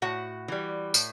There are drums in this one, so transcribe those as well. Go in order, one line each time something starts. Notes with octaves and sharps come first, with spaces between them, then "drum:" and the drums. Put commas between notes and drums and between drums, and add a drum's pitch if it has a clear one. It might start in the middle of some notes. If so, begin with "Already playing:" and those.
A2 F#4 F#5
E3 G3
A2, drum: tambourine